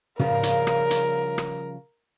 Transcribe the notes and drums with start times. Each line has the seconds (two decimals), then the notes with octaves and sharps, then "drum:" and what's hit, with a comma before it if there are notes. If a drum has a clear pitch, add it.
0.19 C#3 F3 G3 A#4, drum: tom
0.43 drum: hi-hat
0.67 drum: rim click
0.90 drum: hi-hat
1.38 drum: rim click